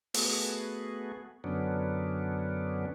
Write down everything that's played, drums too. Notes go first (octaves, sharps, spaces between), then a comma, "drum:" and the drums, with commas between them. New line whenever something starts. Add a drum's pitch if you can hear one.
A3 B3 F#4 G#4, drum: open hi-hat
F#2 D3 F#3 B3 C#4 D4